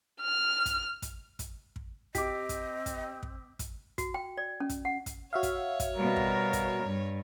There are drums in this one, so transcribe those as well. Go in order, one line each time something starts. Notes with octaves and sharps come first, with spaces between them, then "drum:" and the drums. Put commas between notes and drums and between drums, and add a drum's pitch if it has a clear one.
F6
drum: kick, hi-hat
drum: kick, hi-hat
drum: kick, hi-hat
drum: kick
C4 G4 D#5 D6 B6, drum: kick, hi-hat
drum: kick, hi-hat
drum: kick, hi-hat
drum: kick
drum: kick, hi-hat
F#4, drum: kick, hi-hat
G5
D5
C#4
drum: kick, hi-hat
F#5
drum: kick, hi-hat
F#4 C#5 E5 F5
drum: kick, hi-hat
drum: kick, hi-hat
B2 G3 A#4
drum: kick
drum: kick, hi-hat
G2